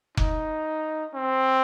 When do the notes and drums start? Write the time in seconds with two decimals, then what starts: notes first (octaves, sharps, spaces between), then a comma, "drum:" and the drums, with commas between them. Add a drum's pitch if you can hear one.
0.18 D#4, drum: kick F1
1.14 C4